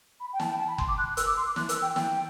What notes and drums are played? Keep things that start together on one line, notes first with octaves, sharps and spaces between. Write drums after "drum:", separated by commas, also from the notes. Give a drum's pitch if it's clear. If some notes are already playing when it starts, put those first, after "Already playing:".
B5
G5
A5, drum: snare
G5
A5
B5
C6, drum: kick F#1
D6
F#6
E6, drum: hi-hat
D6
C6
D6
F#6, drum: snare
E6, drum: hi-hat
G5
G5, drum: snare